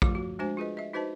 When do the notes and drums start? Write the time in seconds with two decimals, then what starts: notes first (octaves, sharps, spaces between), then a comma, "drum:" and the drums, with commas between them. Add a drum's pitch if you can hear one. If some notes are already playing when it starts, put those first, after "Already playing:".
0.02 F3 A3 F4 D6, drum: kick
0.15 F#4
0.39 G#3 D4 F#4 C5 G#5
0.57 F4 G#4 B4 D#5
0.77 D#5 E5
0.93 D#4 F#4 B4 C5 D#5 A5